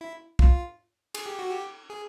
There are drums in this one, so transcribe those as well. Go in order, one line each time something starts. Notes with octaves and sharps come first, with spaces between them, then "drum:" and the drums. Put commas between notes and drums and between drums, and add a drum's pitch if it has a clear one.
E4
F4, drum: kick
G#4, drum: cymbal
G4
F#4
G4
G#4